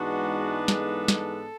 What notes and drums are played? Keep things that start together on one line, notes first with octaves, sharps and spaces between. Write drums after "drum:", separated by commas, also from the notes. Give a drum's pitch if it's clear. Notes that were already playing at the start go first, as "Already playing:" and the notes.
Already playing: G#2 E3 G#3 B3 D4 F#4
A4, drum: snare
drum: snare